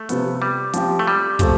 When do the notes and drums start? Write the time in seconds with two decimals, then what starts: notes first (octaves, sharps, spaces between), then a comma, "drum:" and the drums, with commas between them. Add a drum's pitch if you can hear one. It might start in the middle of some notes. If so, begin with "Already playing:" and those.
Already playing: A3
0.09 C3 F3 B3, drum: hi-hat
0.42 G3
0.73 F3 C4 G4, drum: hi-hat
0.99 A3
1.07 G3
1.39 C3 F3 A3, drum: kick, hi-hat